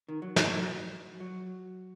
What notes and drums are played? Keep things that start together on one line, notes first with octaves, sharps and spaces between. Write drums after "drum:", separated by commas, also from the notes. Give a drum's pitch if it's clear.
D#3
F#3
F#3, drum: snare
F#3